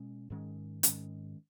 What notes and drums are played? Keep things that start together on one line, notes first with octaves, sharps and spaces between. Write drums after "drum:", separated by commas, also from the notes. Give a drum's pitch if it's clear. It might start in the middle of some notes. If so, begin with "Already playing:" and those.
Already playing: B2 G#3 C#4
G#2 D#3 G#3 C#4
G#2 D#3 G#3 C#4, drum: hi-hat